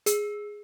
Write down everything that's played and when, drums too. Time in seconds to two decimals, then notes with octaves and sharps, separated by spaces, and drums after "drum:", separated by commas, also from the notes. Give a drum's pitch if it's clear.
0.06 G#4, drum: hi-hat